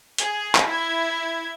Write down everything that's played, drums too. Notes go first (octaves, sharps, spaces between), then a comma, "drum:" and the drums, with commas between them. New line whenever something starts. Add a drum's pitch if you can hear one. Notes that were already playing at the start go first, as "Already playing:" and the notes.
G#4, drum: hi-hat
drum: clap
E4 G#6